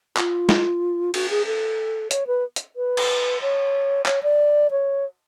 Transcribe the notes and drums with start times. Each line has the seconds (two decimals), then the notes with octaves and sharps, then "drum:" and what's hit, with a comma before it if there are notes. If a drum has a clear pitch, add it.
0.17 F4, drum: clap
0.49 drum: snare
1.14 F#4, drum: cymbal
1.30 G#4
1.46 A4
2.11 C#5, drum: hi-hat
2.27 B4
2.56 drum: hi-hat
2.76 B4
2.97 drum: cymbal
3.41 C#5
4.06 C#5, drum: clap
4.23 D5
4.71 C#5